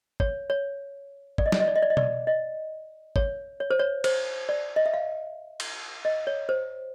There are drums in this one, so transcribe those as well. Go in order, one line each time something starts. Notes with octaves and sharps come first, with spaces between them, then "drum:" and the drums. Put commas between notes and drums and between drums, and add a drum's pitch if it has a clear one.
C#5, drum: kick
C#5
D5, drum: kick
D#5
D5, drum: snare
D#5
D5
D#5
D5
D#5
D5, drum: tom B2
D#5
C#5, drum: kick
C#5
C5
C#5
C5, drum: cymbal
D5
D#5
E5
F5
drum: cymbal
D#5
C#5
C5